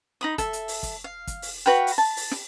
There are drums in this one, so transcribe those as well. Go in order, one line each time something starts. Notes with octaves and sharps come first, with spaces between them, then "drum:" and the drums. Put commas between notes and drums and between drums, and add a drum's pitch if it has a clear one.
D#4 B5 D#6
A4 E5, drum: kick, hi-hat
drum: hi-hat
drum: open hi-hat
drum: kick, hi-hat
F5
drum: kick, hi-hat
drum: open hi-hat
F#4 B4 F5 G5
drum: open hi-hat
A5
drum: open hi-hat
drum: snare